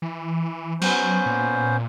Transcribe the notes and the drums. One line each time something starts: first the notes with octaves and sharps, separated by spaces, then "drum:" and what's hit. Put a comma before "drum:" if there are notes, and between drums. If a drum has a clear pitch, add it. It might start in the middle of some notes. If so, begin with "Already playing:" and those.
E3
F#3 B3 C#4 C5, drum: cymbal
A#2